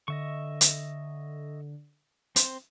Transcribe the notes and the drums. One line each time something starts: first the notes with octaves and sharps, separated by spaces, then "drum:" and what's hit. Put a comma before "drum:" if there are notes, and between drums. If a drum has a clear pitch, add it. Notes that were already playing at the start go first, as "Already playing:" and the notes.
D3 D#5 E5 C#6
drum: hi-hat
C4 C5 C6, drum: hi-hat